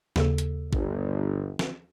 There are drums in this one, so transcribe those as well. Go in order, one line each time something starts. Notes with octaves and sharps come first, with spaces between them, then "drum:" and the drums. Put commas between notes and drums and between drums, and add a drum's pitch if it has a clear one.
D#2 C#3 A4, drum: snare
drum: hi-hat
G1, drum: kick A1
drum: snare